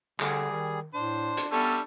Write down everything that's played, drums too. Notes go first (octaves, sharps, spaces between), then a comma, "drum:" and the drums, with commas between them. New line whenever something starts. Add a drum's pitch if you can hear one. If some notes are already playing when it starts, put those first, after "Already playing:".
D3 G3 G#4, drum: clap
D#3
A2 D4 C5
drum: hi-hat
G3 B3 C#4 A4 E5